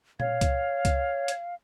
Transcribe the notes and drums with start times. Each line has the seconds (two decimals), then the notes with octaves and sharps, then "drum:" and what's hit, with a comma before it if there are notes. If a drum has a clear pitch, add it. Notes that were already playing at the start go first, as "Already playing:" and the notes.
0.20 C#5 F5, drum: tom A#2
0.41 drum: kick C#2, hi-hat
0.85 drum: kick C#2, hi-hat
1.28 drum: hi-hat